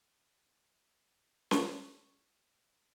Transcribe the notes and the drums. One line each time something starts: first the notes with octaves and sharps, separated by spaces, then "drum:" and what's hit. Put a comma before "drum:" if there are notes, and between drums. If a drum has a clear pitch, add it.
C#6, drum: snare C#4